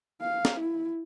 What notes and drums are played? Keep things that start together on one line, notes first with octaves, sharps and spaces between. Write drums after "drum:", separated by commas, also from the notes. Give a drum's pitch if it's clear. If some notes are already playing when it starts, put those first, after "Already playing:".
F5
drum: snare
E4